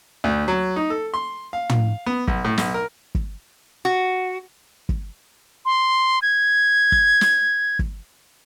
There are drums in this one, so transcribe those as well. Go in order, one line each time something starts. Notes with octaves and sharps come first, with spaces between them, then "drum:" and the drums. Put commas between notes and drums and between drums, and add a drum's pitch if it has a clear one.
D2
F#3
D#4
A4
C6
F5
drum: tom
B3
B1, drum: kick
A2
B1, drum: snare
A#4
drum: kick
F#4
drum: kick
C6
G#6
drum: kick
drum: snare
drum: kick